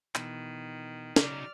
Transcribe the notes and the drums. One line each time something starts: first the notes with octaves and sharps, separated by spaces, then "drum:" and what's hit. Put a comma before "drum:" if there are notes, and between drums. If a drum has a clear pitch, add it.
B2 D#3 E3, drum: clap
C#3 F#3 D#4 D5 F6, drum: snare